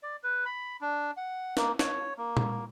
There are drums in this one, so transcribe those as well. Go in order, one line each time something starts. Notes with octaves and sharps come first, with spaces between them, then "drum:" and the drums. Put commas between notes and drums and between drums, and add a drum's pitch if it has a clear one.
D5
B4
B5
D4
F#5
A#3, drum: snare
C#5, drum: snare
A#3
drum: tom A#2